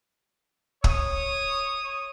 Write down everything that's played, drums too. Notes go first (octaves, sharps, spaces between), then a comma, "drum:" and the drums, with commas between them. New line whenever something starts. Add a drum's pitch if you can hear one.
C#5 D#6, drum: kick